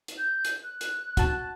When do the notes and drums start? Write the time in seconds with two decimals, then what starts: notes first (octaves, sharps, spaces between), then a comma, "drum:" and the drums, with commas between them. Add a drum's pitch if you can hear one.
0.08 drum: hi-hat
0.18 G6
0.45 drum: hi-hat
0.64 F#6
0.81 drum: hi-hat
1.17 F#4 A5, drum: kick, hi-hat